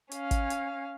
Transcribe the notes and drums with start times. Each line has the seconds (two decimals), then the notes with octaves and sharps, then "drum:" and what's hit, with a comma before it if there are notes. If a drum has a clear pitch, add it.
0.11 C#4 F5, drum: hi-hat
0.31 drum: kick, hi-hat
0.50 drum: hi-hat